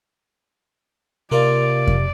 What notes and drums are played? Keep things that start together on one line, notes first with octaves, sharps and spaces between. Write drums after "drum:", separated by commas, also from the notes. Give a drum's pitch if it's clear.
C3 A#3 F4 A#4 D5
drum: kick F2